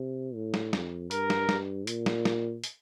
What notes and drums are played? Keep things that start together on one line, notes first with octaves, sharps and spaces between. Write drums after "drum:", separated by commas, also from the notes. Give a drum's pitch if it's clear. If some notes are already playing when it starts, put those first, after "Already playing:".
Already playing: C3
A2
drum: snare
F2, drum: snare
G2 A#4, drum: hi-hat
drum: snare
G2, drum: snare
A#2, drum: hi-hat
drum: snare
drum: snare
drum: hi-hat